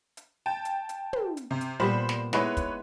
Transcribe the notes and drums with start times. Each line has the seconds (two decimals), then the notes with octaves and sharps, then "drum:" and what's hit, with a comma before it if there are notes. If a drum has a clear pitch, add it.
0.17 drum: hi-hat
0.46 G5 A5
0.65 drum: hi-hat
0.89 drum: hi-hat
1.13 drum: tom
1.37 drum: hi-hat
1.51 C3
1.61 drum: hi-hat
1.80 A#2 G3 B3 C5 B5
2.09 drum: snare
2.33 G#3 B3 D#4 E4 B4 C#5, drum: snare
2.57 drum: kick, hi-hat